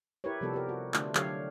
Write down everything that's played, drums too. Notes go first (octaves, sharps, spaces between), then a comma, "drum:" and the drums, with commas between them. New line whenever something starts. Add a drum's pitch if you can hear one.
E4 G4 A#4 B4 C#5
C3 F3 G3 B3 A4
G4 A#4
F#4
D3 A3 D4 F4, drum: clap
D3 F#3 G4 A4 C#5 F5, drum: clap